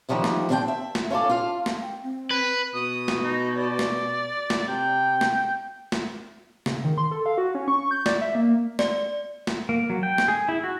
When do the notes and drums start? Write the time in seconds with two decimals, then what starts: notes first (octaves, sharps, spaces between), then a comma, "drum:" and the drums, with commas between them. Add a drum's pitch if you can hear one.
0.09 D3 D#3 F3 G3 E4
0.24 drum: snare
0.49 D#2 C4 D4 E4 G5
0.68 E5
0.95 drum: snare
1.10 C#4 F4 A4 D5
1.29 F4 F5
1.66 drum: snare
1.81 G5
2.03 C4
2.31 B4
2.74 B2 D#6
3.08 drum: snare
3.24 D#4
3.57 D5
3.79 drum: snare
4.50 drum: snare
4.68 C3 G5
5.21 drum: snare
5.92 drum: snare
6.66 C#3, drum: snare
6.84 D#3
6.98 C6
7.11 A4
7.26 F5
7.38 F#4
7.55 C#4
7.68 C#6
7.91 G6
8.06 D5, drum: snare
8.21 E5
8.35 A#3
8.79 D5, drum: snare
9.47 drum: snare
9.69 A#3
9.90 F#3
10.03 G5
10.18 drum: snare
10.28 G#4
10.49 E4
10.64 F#4